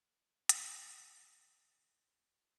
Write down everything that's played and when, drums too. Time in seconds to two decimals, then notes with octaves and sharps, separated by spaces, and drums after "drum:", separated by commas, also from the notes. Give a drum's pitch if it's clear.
0.16 D6
0.49 F#4, drum: hi-hat
0.69 F#5
1.22 D#3
1.94 B5
2.13 D#2
2.42 F4